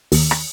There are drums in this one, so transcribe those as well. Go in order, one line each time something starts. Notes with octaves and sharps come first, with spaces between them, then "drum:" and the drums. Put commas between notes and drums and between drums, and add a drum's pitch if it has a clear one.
D#2, drum: open hi-hat
drum: rim click